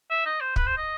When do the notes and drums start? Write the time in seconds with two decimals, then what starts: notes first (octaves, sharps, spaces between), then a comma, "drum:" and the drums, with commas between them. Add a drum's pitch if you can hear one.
0.10 E5
0.26 D#5
0.41 C5
0.56 B4, drum: kick
0.66 C5
0.78 D#5